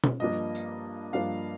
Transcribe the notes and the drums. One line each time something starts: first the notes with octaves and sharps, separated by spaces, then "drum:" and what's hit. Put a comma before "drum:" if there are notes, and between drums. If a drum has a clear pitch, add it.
drum: tom B2
G2 F3 A#3 D4 D#5
drum: tambourine
G2 F3 A#3 D4 F5